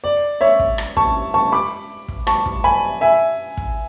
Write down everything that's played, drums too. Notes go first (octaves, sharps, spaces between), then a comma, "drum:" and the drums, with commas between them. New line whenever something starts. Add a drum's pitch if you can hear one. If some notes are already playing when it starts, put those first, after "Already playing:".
D5
C#5 E5
drum: kick
drum: rim click
A5 C#6, drum: kick
A5 C#6
B5 D6
drum: kick
A5 C#6, drum: rim click
drum: kick
G#5 B5
E5 G#5
drum: kick